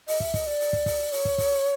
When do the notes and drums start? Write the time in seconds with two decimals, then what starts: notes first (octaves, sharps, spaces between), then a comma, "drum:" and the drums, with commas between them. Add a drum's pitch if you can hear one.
0.08 D#5, drum: open hi-hat
0.20 E5, drum: kick
0.34 D#5, drum: kick, open hi-hat
0.47 D5
0.60 drum: open hi-hat
0.73 drum: kick
0.86 drum: kick, open hi-hat
1.12 C#5, drum: open hi-hat
1.25 drum: kick
1.38 drum: kick, open hi-hat